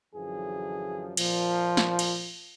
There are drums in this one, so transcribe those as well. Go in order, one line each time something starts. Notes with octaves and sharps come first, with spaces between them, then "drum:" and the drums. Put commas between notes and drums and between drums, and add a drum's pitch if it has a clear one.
F#2 D3 E3 F3 G#4
A#2 F3, drum: cymbal
drum: snare
drum: cymbal